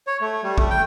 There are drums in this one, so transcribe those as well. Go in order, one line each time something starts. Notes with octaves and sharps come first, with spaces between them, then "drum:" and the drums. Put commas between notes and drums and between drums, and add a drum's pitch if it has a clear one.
C#5
A3
G3
A3, drum: kick
G5